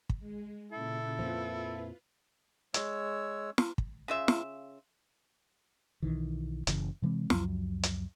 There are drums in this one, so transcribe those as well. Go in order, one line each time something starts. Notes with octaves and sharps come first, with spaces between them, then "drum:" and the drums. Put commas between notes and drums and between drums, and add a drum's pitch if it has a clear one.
drum: kick
G#3
A#2 C#3 E4 A4
F2 A#2 F3 F4 B4
G#3 C#5 E6, drum: hi-hat
drum: snare
drum: kick
C#3 F4 E5
drum: snare
B1 D#3 E3
F#1 C#3 E3, drum: hi-hat
C3 E3 G#3 C4
C#2 F#2 F3 F#3, drum: snare
drum: hi-hat